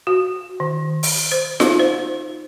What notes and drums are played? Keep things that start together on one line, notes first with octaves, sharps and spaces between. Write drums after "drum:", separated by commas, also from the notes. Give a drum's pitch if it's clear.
F#4
D#3
drum: open hi-hat
C5
D#4, drum: snare F4
C5